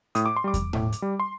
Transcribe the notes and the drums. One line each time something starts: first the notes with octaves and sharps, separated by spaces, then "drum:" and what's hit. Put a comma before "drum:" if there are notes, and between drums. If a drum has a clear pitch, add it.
A2 D#6, drum: hi-hat
D6
C6
G3 D6
drum: kick E2, hi-hat
A2, drum: tom A2
drum: hi-hat
G3
C6